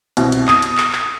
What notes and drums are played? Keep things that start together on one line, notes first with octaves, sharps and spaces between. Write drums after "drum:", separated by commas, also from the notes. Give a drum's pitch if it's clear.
C2 B2, drum: hi-hat
drum: hi-hat
D#6, drum: clap
drum: hi-hat
drum: clap
drum: clap